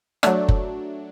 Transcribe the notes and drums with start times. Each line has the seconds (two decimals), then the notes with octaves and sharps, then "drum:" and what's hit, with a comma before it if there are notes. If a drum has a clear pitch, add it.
0.23 F#3 A3 D4, drum: rim click
0.49 drum: kick F#1